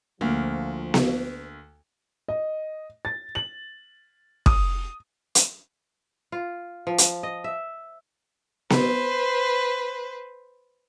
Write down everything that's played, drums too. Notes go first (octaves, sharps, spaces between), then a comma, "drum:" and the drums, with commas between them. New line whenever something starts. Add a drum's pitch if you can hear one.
D2 F3 A#3
drum: snare B3
D#5
A6
F#7
D#6, drum: kick
drum: hi-hat
F4
F3
drum: hi-hat
D#5
E5
B4 C5, drum: snare B3